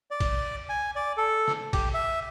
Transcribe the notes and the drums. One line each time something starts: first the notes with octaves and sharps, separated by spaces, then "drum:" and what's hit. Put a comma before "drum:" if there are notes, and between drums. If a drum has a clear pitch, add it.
D5
drum: kick A#1, cymbal
G#5
D5
A4
drum: snare
G4, drum: kick A#1, cymbal
E5